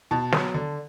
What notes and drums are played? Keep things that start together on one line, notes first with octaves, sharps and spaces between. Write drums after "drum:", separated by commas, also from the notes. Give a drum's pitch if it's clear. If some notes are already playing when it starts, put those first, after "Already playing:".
B2 A5
F#3 B3, drum: snare
D3